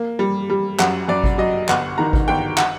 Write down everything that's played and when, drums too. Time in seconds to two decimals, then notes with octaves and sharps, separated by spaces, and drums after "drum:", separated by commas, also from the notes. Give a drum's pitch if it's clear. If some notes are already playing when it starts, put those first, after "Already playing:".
Already playing: A#3
0.19 G3
0.50 G3
0.79 F#2 F#5, drum: clap
1.08 F#2 D5
1.24 drum: kick G#1
1.38 F#3 D#5
1.69 G1 F#5, drum: clap
1.98 D#3 A#5
2.13 drum: kick G#1
2.28 G1 G5
2.58 F#5, drum: clap